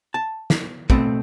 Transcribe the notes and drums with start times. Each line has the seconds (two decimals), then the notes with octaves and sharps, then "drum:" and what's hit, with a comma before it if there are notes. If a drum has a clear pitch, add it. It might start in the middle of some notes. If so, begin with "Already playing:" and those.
0.14 A5
0.50 drum: snare
0.90 B2 A3 C4, drum: kick